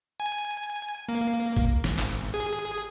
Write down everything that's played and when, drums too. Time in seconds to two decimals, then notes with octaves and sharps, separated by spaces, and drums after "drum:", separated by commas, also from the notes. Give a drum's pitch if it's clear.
0.20 G#5
1.09 A#3
1.57 drum: kick
1.84 G#1, drum: snare
1.99 drum: clap
2.34 G#4